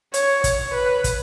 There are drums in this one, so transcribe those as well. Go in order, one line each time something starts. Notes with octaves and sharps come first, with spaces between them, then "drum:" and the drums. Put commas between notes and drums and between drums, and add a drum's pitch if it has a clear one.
C#5, drum: hi-hat
C#5, drum: kick, hi-hat
B4
drum: kick, hi-hat